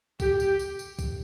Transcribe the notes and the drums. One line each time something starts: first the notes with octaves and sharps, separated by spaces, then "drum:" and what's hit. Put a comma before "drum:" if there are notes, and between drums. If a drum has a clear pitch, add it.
G4, drum: kick C2, tambourine
drum: tambourine
drum: tambourine
drum: tambourine
drum: kick C2, tambourine